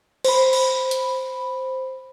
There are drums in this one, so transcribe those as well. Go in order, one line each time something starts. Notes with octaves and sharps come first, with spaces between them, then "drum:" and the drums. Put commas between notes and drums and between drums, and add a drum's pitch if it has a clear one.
C5 B5, drum: cymbal
drum: cymbal
drum: hi-hat